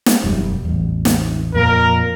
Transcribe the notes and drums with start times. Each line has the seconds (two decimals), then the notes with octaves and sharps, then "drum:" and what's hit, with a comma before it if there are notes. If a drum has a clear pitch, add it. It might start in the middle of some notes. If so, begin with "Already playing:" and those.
0.06 drum: snare
0.24 E1 F#2 G3
0.65 A1 E2
1.05 drum: snare
1.54 F2 A#2 A#4